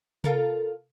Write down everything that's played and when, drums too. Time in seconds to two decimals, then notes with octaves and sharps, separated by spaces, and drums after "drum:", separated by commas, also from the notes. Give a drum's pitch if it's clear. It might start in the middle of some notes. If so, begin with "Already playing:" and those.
0.24 F4 A4 A#4, drum: tom C3